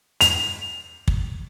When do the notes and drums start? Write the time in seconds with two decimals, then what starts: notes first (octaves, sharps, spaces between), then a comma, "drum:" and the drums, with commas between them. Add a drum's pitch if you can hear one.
0.21 F7, drum: hi-hat
1.08 drum: kick